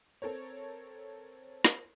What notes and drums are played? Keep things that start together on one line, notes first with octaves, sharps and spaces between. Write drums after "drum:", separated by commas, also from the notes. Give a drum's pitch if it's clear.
C4 A4 A#4 C#5
drum: snare